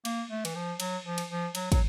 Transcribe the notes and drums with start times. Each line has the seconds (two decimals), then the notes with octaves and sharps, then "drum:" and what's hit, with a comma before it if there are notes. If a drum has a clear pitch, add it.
0.05 A#3, drum: cymbal
0.31 A3
0.45 E3, drum: cymbal
0.55 F3
0.80 F#3, drum: cymbal
1.05 F3
1.18 drum: cymbal
1.30 F3
1.55 F#3, drum: cymbal
1.72 F#3, drum: kick, cymbal